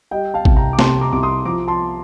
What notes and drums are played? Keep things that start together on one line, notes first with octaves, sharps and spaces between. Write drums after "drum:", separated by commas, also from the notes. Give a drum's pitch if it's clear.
G3 D#5 G5
F5 A5
C2, drum: kick A1
G5 A#5
D6
C3 A5 C6, drum: snare
A#5 D6
C2 D6
C6 D#6
F3 A#5 D6
A5 C6